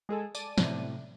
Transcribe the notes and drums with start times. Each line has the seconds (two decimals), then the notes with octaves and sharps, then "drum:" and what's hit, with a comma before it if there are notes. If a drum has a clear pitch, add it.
0.09 G#3 G#4 A4
0.35 D5 A5 D#7, drum: tambourine
0.58 A2 C3, drum: snare